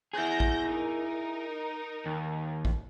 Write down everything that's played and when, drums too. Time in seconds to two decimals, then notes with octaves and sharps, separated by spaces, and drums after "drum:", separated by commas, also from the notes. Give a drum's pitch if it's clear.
0.13 E4 G#4 G6 A#6
0.40 drum: kick A1
0.66 D#4 A#4
2.06 D#2
2.65 drum: kick A1